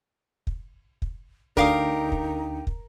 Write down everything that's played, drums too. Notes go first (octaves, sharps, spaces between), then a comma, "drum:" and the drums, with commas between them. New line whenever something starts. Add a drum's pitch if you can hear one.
drum: kick
drum: kick
D2 D3 D#4 G4 A#4 F5 D#6, drum: kick
drum: kick
drum: kick